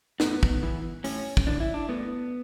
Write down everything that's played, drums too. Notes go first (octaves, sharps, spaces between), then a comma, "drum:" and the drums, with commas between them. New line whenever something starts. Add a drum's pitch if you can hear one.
A2 B3, drum: snare
drum: kick
E3
A2 C#4, drum: open hi-hat
drum: kick
E3 D4
E4
D4
A2 B3